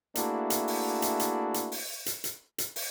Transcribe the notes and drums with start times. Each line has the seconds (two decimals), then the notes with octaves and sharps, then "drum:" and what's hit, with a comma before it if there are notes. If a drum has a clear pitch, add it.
0.15 A3 A#3 D4 E4 F#4 G#4, drum: hi-hat
0.50 drum: hi-hat
0.68 drum: open hi-hat
1.02 drum: hi-hat
1.20 drum: hi-hat
1.54 drum: hi-hat
1.72 drum: open hi-hat
2.06 drum: hi-hat
2.24 drum: hi-hat
2.58 drum: hi-hat
2.76 drum: open hi-hat